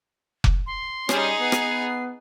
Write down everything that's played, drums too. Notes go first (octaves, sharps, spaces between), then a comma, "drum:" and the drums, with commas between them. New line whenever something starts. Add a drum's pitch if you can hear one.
drum: kick F1
C6
G3 C#4 D#4 G#4, drum: rim click
B3 C7
drum: rim click